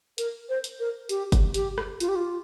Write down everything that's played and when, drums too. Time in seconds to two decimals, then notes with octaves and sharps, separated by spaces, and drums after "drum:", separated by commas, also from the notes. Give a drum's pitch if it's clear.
0.18 A#4, drum: hi-hat
0.49 C5
0.64 drum: hi-hat
0.80 A#4
1.09 G4, drum: hi-hat
1.32 drum: kick F#1, hi-hat
1.54 G4, drum: hi-hat
1.78 drum: rim click
2.00 F4, drum: hi-hat
2.08 G4
2.16 F4